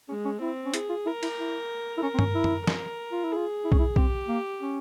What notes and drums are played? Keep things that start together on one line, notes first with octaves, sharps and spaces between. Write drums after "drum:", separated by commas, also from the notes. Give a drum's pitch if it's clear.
G#3 C#4
C#4
C4 E4
C#4
E4 G#4, drum: hi-hat
F4
E4 A#4
E4, drum: cymbal
E4
E4
C#4 A#4
C4
C#4, drum: tom G2
E4
drum: tom F#2
A#4, drum: snare
F4
E4
G#4
F4
E4
C#4, drum: kick B1
E4
C4 G4, drum: kick B1
A#3
C#4